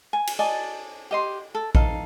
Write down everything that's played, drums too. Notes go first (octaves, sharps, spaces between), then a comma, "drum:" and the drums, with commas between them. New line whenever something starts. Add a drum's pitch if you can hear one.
G#5
drum: cymbal
D5 D#5 G#5 A5
G4 D#5 C6
A4
D#4 A4 F5, drum: kick A#1